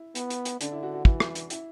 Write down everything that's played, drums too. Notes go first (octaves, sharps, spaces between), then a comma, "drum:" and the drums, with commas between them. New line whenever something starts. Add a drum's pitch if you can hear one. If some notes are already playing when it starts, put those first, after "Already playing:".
Already playing: E4
B3, drum: hi-hat
drum: hi-hat
drum: hi-hat
D3 D4, drum: hi-hat
E4
F#4
F#4
E3, drum: kick
drum: rim click
drum: hi-hat
E4, drum: hi-hat